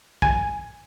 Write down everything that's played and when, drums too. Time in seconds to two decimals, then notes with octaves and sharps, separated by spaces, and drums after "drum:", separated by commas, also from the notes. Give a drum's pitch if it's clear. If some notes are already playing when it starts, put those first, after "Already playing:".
0.22 G#5, drum: kick